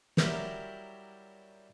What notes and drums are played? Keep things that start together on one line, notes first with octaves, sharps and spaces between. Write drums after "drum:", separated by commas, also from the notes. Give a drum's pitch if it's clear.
F#3 G3 E4 G4 A#4 C#5, drum: snare